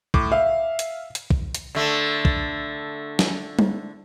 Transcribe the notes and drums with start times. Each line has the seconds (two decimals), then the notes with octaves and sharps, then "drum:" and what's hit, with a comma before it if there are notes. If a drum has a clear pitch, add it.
0.14 A2 D6, drum: kick
0.32 E5 F5
0.79 drum: hi-hat
1.15 drum: hi-hat
1.30 drum: kick
1.55 drum: hi-hat
1.75 D3 A3
2.25 drum: kick
3.19 drum: snare
3.59 drum: tom G3